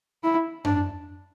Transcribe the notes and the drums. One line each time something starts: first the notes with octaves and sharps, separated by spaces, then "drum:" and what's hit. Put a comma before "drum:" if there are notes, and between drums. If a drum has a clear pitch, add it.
E4
D4, drum: tom F#2